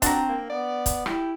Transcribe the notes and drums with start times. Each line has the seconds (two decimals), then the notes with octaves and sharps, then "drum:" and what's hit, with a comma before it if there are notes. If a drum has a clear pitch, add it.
0.02 C4 D4 F#4 A#5, drum: kick, hi-hat
0.29 A#3
0.50 B3 D5
0.86 drum: kick, hi-hat
1.06 E4 G4, drum: rim click